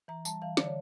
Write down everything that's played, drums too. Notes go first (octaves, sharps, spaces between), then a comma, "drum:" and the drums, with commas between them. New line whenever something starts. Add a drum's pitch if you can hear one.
E3 A#5
G3 A5, drum: tambourine
E3 F5
D3 D5, drum: snare
C#5